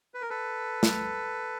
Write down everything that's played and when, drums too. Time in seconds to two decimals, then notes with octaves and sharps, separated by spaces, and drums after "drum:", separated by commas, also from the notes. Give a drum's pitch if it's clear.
0.14 B4
0.22 A#4
0.30 A4 B4
0.83 drum: snare